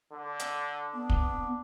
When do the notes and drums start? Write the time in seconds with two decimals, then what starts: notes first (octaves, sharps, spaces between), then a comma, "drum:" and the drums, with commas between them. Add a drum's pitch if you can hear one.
0.12 D3
0.39 drum: hi-hat
0.94 B3 D4
1.10 drum: kick